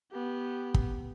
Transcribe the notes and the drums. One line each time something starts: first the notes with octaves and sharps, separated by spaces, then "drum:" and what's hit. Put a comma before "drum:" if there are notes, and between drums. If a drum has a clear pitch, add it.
B3 G4
drum: kick